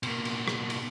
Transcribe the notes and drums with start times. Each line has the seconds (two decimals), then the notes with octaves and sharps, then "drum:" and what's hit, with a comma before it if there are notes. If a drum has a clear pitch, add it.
0.03 B2 A#3, drum: cymbal
0.25 drum: cymbal
0.48 drum: rim click
0.70 drum: cymbal